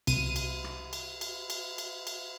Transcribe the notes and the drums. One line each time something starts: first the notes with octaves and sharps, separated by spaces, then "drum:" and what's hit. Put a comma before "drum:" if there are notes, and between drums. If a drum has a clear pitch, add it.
C2 D#7, drum: cymbal
drum: cymbal
drum: rim click
drum: cymbal
drum: cymbal
drum: cymbal
drum: cymbal
drum: cymbal